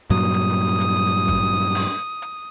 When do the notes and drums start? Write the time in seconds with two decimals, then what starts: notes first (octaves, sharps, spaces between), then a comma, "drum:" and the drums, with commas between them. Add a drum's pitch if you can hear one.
0.10 G2 A#2 F#3 D#6
0.34 drum: hi-hat
0.81 drum: hi-hat
1.28 drum: kick G#1, hi-hat
1.75 drum: open hi-hat
2.22 drum: hi-hat